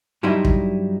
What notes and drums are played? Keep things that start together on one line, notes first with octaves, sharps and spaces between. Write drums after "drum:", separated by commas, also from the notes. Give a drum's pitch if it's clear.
G2 F#3 G3 D#4 E4 C6
drum: kick